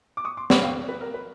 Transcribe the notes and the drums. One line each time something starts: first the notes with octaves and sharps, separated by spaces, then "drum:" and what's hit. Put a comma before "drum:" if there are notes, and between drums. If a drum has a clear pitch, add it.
D6
C#6 D#6
C6 D6
B5 C#6, drum: snare
F5 G5
B4
A#4
B4